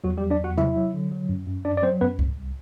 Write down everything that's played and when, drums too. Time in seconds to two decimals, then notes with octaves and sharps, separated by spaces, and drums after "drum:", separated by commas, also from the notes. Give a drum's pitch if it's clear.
0.04 E2 F#3 F#4
0.17 G3 G4
0.22 F#3
0.30 D4 D5
0.40 E2 F#4 F#5
0.58 F#3 E4 E5, drum: tom C3
0.76 F#3
0.94 D3
1.11 F#3
1.29 F#2
1.47 F#2
1.65 F#2 D4 D5
1.77 D5
1.82 F#3 C4 C5
2.01 F#2 B3 B4
2.19 C2, drum: kick C#2
2.37 C2